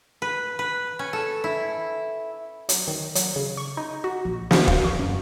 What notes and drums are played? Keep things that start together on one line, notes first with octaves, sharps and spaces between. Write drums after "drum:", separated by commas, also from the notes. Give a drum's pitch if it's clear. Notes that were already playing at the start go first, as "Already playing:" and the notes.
B4
B4
C#4
A4
E4
F#3, drum: hi-hat
D#3
F#3, drum: hi-hat
C#3
C#6
D#4
F#4
A#1
C5, drum: snare
F5, drum: kick
C#6
F#2